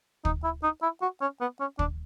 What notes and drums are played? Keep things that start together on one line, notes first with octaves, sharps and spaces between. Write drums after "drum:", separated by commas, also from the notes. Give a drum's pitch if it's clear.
D#4, drum: kick
E4
D#4
E4
F#4
C#4
B3
C#4
D4, drum: kick